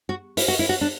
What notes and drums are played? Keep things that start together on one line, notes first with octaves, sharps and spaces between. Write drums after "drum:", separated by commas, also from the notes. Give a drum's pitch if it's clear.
F#4
E4, drum: open hi-hat
F#4
E4
F#4
D4